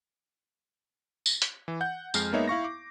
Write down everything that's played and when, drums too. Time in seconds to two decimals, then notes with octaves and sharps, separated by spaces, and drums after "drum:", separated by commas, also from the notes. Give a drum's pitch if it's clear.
1.26 drum: tambourine
1.42 drum: hi-hat
1.68 E3
1.81 F#5 G6
2.14 F2 G#3 F6 C7, drum: tambourine
2.32 G#3 A#3 B3 D#4 C#5 E5
2.48 E4 F5 C#6 A#6
2.64 D6